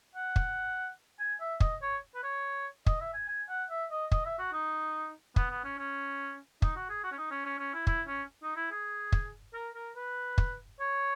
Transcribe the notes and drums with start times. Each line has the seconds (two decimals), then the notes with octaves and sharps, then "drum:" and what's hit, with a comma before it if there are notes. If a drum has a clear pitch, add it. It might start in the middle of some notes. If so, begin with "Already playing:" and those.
0.15 F#5
0.36 drum: kick
1.20 G#5
1.41 E5
1.60 D#5, drum: kick
1.82 C#5
2.15 B4
2.23 C#5
2.86 D#5, drum: kick
3.01 E5
3.14 G#5
3.28 G#5
3.49 F#5
3.70 E5
3.91 D#5
4.12 D#5, drum: kick
4.26 E5
4.39 F#4
4.53 D#4
5.36 B3, drum: kick
5.50 B3
5.64 C#4
5.78 C#4
6.62 D#4, drum: kick
6.76 F#4
6.90 G#4
7.03 F#4
7.12 C#4
7.18 D#4
7.31 C#4
7.45 C#4
7.59 C#4
7.74 E4
7.87 E4, drum: kick
8.08 C#4
8.43 D#4
8.56 E4
8.71 G#4
9.12 drum: kick
9.54 A#4
9.75 A#4
9.96 B4
10.38 drum: kick
10.80 C#5